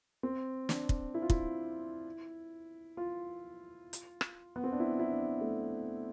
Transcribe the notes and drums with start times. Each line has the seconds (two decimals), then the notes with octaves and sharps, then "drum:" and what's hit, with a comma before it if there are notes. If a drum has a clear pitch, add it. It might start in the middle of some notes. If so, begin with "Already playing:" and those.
0.23 C4
0.69 D4, drum: snare
0.89 drum: kick
1.14 E4
1.22 F4
1.30 E4, drum: kick
2.97 F4
3.93 drum: hi-hat
4.21 drum: rim click
4.56 B3
4.64 C4
4.72 D4
4.80 E4
4.99 E4
5.11 D4
5.41 A3